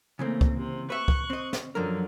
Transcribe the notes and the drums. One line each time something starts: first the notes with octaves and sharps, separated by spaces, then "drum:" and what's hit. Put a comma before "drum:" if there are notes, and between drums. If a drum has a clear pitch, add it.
C#3 E3 A3 A#3 C4
drum: kick C#2
C3
B4 E5 C#6 F#6
drum: kick C#2
C4 D#5
drum: snare
F#2 D3 F3 F#3 A#4